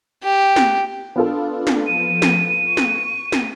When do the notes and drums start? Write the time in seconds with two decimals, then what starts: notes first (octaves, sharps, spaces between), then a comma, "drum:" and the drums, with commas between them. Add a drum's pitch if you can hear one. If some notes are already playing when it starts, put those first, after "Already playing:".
0.23 G4
0.56 drum: snare
1.16 B3 D4 F4 A4
1.67 drum: snare
1.86 F3 D#7
2.22 drum: snare
2.63 C#6
2.77 drum: snare
3.32 drum: snare